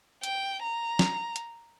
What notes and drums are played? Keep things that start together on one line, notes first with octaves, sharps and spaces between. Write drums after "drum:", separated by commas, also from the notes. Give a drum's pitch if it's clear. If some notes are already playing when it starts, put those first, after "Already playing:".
G5, drum: hi-hat
A#5
drum: snare
drum: hi-hat